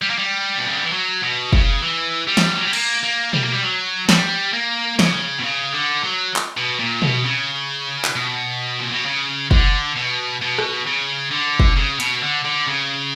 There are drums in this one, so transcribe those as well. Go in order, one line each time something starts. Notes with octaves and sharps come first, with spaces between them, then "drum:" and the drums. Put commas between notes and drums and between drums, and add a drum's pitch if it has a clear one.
G3
A#3
G3
B2
C#3
D3
E3
F#3
B2
C#3, drum: kick
E3
G3
drum: snare
E3
F#3
G3
A#3, drum: cymbal
A#3
G3, drum: tom B2
A#3
G3
F#3
G3, drum: snare
A#3
C#3, drum: snare
B2
C#3
D3
F#3
drum: clap
B2
A#2
B2, drum: tom B2
C#3
drum: clap
B2
A#2
B2
C#3
D3, drum: kick
B2
B2
drum: rim click
C#3
D3
drum: kick
C#3
B2, drum: hi-hat
D3
D3
C#3